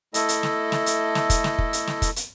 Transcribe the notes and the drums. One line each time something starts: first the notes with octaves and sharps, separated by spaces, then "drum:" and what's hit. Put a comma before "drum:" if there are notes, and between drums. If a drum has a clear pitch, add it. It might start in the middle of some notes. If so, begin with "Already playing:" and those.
A3 E4 A4 D#5, drum: hi-hat
drum: hi-hat
drum: snare
drum: snare
drum: hi-hat
drum: snare
drum: kick, hi-hat
drum: snare
drum: kick
drum: hi-hat
drum: snare
drum: kick, hi-hat
drum: hi-hat